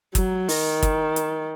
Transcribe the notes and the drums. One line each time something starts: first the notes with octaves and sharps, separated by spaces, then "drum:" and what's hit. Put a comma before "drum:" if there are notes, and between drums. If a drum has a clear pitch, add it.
F#3, drum: kick, hi-hat
D#3, drum: open hi-hat
drum: kick, hi-hat
drum: hi-hat